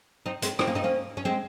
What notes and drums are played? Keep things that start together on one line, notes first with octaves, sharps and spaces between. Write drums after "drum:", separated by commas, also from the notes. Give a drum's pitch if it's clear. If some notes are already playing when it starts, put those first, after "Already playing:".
C4 D#4
G#3 C4, drum: hi-hat
C4 D#4, drum: rim click
A#3 C#4
C4 D#4
A#3 C#4
C#4
G#3 C4